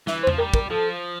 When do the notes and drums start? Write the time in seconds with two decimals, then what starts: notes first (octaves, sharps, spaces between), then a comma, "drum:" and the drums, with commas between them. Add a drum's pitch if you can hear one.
0.07 E3 E5, drum: snare
0.23 C5
0.27 F3, drum: tom E2
0.38 G3 A#4
0.54 A#4, drum: kick
0.70 F3 A4